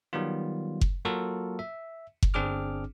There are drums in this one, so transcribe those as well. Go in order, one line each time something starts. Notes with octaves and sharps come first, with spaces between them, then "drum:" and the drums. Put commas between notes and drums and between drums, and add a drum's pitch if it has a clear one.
D#3 F#3 G3 B3 F4
drum: kick F#1
F#3 A#3 F4 F#4 A4 A#4
E5
drum: kick F#1
G1 C4 D4 G#4 D6 F6